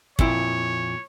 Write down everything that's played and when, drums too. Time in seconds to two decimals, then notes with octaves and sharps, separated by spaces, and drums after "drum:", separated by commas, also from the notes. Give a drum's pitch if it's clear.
0.19 F2 A#2 E4 C#5, drum: kick